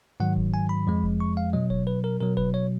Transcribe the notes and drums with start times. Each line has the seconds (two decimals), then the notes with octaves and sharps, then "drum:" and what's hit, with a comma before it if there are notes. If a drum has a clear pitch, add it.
0.20 G#2 D#3 F#3 F#5
0.36 drum: kick F1
0.54 G#5
0.69 B5
0.87 F2 F3 G#3
1.03 drum: kick F1
1.20 C#6
1.37 F5
1.53 B2 F#3 D#5
1.70 C#5, drum: kick F1
1.87 B4
2.04 A#4
2.20 B2 F#3 A#4
2.37 B4, drum: kick F1
2.54 C#5